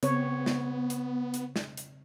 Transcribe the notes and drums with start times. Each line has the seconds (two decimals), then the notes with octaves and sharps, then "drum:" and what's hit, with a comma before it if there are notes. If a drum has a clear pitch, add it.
0.03 C#3 B3 C4 C#5, drum: hi-hat
0.46 drum: snare
0.90 drum: hi-hat
1.34 drum: hi-hat
1.56 drum: snare
1.77 drum: hi-hat